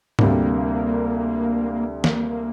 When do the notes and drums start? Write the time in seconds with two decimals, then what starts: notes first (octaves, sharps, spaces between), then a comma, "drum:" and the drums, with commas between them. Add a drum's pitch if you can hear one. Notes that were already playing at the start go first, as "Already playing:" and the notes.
0.19 D2 C3 G3 A#3 D4, drum: tom G#2
2.04 A#3, drum: snare